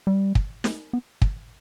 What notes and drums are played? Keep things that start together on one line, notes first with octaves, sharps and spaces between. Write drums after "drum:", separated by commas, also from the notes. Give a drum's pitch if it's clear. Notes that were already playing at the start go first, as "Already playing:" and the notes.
G3
drum: kick
drum: snare
B3
drum: kick